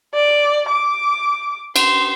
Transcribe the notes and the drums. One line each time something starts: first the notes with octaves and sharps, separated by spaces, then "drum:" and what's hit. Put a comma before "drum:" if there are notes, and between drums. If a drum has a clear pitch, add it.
D5
D6
C6, drum: cymbal